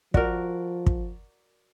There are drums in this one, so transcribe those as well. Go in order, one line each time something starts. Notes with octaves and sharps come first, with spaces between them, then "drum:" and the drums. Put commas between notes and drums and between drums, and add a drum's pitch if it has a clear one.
F3 F#4 A#4 D5, drum: kick
drum: kick